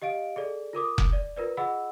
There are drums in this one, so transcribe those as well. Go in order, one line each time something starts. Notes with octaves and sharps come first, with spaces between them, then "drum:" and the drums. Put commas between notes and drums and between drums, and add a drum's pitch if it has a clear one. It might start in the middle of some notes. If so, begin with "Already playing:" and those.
G4 D#5 F5 D7
G#4 A4 D5
F4 A#4 D6 D#6
drum: kick F1
D5
F4 A#4 B4 D5
F4 G#4 D#5 F#5 B5 E6